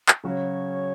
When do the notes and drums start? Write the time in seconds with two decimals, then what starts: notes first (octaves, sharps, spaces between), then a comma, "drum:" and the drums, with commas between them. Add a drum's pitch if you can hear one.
0.08 drum: clap
0.24 C#3 F#3 C#4 F#4 C#5